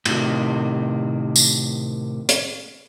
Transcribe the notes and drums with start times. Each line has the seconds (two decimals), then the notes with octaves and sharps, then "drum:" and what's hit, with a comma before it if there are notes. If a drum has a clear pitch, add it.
0.05 A2 C3 D#3, drum: cymbal
1.36 drum: tambourine
2.29 drum: hi-hat